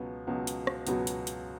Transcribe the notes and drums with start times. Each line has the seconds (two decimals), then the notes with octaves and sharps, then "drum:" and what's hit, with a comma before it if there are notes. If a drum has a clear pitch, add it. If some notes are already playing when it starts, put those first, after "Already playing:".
Already playing: C#2 B2 F#3 B3
0.27 C#2 B2 F#3 B3
0.47 drum: hi-hat
0.67 drum: rim click
0.87 C#2 B2 F#3 B3, drum: hi-hat
1.07 drum: hi-hat
1.27 drum: hi-hat